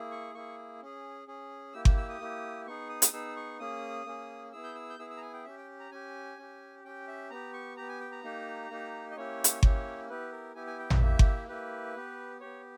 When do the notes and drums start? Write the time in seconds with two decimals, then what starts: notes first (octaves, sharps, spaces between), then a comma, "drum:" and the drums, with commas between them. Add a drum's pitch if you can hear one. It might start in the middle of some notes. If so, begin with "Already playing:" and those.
Already playing: A#3 E4 G#4
0.11 C#6
0.34 A#3 E4 G#4 C#6
0.81 C#4 G#4
1.27 C#4 G#4
1.73 A#3 E4 G4 E6
1.85 E6, drum: kick G1
1.97 E6
2.09 D#6
2.20 A#3 E4 G4
2.66 B3 D#4 G#4 C#6
2.89 D#6
3.02 drum: hi-hat
3.12 B3 D#4 G#4 E6
3.36 C#6
3.59 A#3 C#4 G#4 D#6
4.06 A#3 C#4 G#4
4.52 B3 E4 G#4 E6
4.64 G6
4.75 E6
4.90 G6
4.99 B3 E4 G#4 E6
5.10 E6
5.17 A#5
5.22 G#5
5.33 G5
5.45 C#4 G4 E5
5.57 G5
5.80 A#5
5.91 C#4 G4 G#5
6.38 C#4 G4
6.84 C#4 G4 G5
7.08 E5
7.30 B3 G4 A#5
7.54 C#6
7.77 B3 G4 A#5
7.89 G#5
8.00 G5
8.12 A#5
8.23 A#3 D#4 G4
8.70 A#3 D#4 G4
9.11 D#5
9.17 A#3 C#4 E4 G4 C#5
9.44 drum: hi-hat
9.63 A#3 C#4 E4 G4, drum: kick G1
10.09 B3 E4 G4 B4
10.32 A#4
10.55 B3 E4 G4 G#5
10.67 G#5
10.79 G5
10.90 E5, drum: tom
11.02 A#3 E4 G4
11.19 drum: kick G1
11.48 A#3 E4 G4 B4
11.95 B3 G4
12.41 B3 G4 C#5